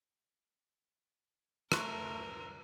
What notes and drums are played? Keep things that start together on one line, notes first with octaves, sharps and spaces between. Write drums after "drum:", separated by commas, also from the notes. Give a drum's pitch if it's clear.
A3 A#4 C6 C#6 F#6, drum: rim click